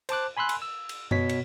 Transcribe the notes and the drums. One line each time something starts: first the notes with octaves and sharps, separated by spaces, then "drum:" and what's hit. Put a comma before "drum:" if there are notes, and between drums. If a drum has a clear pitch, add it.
C5 A5 D6 F#6, drum: cymbal
G#5 B5 C6 E6 F#6
drum: cymbal
E6
drum: cymbal
B2 C#5 B6, drum: tom F#2
drum: cymbal